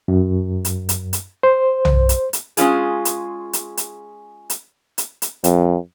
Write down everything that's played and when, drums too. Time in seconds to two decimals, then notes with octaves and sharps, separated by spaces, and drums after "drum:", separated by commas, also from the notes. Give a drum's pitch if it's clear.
0.08 F#2
0.65 drum: hi-hat
0.89 drum: hi-hat
1.13 drum: hi-hat
1.43 C5
1.85 drum: tom
2.09 drum: hi-hat
2.33 drum: hi-hat
2.57 G#3 C#4 F4 G#4, drum: hi-hat
3.05 drum: hi-hat
3.53 drum: hi-hat
3.77 drum: hi-hat
4.50 drum: hi-hat
4.98 drum: hi-hat
5.22 drum: hi-hat
5.44 F2, drum: hi-hat